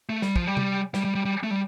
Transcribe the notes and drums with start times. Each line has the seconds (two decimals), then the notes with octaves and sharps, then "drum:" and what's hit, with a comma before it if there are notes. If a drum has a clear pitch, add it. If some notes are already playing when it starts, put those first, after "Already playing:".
0.09 A3
0.22 G3, drum: snare
0.36 F3, drum: kick
0.47 G3
0.57 drum: tom C3
0.94 G3, drum: snare
1.05 G3
1.15 G3
1.25 G3
1.43 A3
1.51 G3